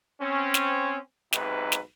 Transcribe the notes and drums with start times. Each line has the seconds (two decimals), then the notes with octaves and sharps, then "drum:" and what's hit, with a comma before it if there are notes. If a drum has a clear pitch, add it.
0.20 C4 C#4
0.54 drum: snare
1.33 B1 G#2 C3 D#4 B4, drum: snare
1.72 drum: snare